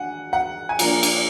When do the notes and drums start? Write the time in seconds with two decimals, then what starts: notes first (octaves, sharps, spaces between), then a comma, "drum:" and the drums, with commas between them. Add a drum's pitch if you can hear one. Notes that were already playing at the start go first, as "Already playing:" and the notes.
Already playing: D4 F#5 G#5
0.33 F#5
0.69 G#5
0.79 F3 A#3 D4 A#5, drum: cymbal
1.03 drum: cymbal